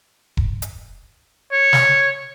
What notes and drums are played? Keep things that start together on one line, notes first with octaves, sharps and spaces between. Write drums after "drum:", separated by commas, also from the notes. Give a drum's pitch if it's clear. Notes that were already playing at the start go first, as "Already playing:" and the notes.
drum: kick E1
drum: hi-hat
C#5
drum: snare